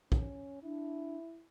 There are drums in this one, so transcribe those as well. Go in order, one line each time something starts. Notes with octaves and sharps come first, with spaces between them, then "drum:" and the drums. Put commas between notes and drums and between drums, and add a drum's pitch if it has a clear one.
C#4, drum: kick B1
D4 E4